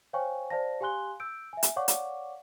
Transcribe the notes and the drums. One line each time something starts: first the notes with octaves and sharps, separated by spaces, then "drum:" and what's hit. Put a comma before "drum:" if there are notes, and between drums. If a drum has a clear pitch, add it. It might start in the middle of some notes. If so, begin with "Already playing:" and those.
C5 C#5 F5 G5 G#5 C#6
C5 D5 F5 A5 A#6
G4 F5 G#5 C6 F#6 G7
E6 G6 D7
E5 G#5
drum: hi-hat
C#5 D5 F5 F#5 C#6 D6
drum: hi-hat